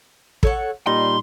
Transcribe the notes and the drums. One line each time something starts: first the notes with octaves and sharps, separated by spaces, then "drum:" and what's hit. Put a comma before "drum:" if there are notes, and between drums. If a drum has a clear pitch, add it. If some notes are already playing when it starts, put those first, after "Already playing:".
A4 C#5 F#5, drum: kick
A#2 G3 D#4 D#5 C6